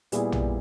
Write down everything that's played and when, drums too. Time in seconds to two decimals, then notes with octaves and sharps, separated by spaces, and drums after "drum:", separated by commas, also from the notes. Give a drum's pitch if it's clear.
0.12 A#2 G3 B3 E4 G#4, drum: hi-hat
0.32 drum: tom